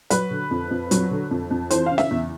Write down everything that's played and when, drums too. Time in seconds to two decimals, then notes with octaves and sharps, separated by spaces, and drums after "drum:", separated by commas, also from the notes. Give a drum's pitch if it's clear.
0.10 F#3 B4, drum: hi-hat
0.31 D3
0.51 F2
0.71 F2
0.91 F#3, drum: hi-hat
1.11 D3
1.31 F2
1.51 F2
1.70 E3 C5, drum: hi-hat
1.86 C#3 F5
1.98 E5, drum: snare
2.11 E2